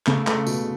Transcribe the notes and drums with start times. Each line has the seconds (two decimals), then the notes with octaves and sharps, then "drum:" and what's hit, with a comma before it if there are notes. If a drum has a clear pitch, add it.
0.07 C#3 A3, drum: clap
0.27 A3, drum: clap
0.46 B2, drum: tambourine